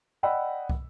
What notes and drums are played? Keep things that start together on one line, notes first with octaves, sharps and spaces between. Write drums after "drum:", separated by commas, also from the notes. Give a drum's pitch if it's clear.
D5 D#5 F#5 G5 B5 E6
drum: kick